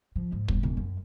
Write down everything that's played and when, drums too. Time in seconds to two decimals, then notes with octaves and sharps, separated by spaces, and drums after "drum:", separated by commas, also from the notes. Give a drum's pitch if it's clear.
0.16 F3
0.32 G#2
0.48 G1, drum: kick
0.63 E1
0.77 F#2